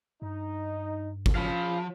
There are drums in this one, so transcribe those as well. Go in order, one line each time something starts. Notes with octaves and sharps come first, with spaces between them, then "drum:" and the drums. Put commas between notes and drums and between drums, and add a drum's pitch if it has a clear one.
G2 D#4
drum: kick
F3 C#4 F5 B5